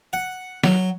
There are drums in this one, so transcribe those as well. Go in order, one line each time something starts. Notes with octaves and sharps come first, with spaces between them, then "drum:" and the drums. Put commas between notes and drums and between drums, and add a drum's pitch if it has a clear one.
F#5
F#3, drum: snare